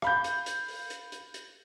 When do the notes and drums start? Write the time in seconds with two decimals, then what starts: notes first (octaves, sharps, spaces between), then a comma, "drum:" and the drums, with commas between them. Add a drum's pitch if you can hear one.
0.02 F5 B5 G6, drum: rim click
0.24 drum: hi-hat
0.46 drum: hi-hat
0.68 drum: open hi-hat
0.90 drum: hi-hat
1.12 drum: hi-hat
1.34 drum: hi-hat